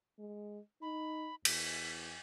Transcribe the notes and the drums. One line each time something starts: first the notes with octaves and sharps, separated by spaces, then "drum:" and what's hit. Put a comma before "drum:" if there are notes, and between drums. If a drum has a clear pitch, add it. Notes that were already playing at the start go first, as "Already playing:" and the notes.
G#3
D#4 B5
E2 B6, drum: cymbal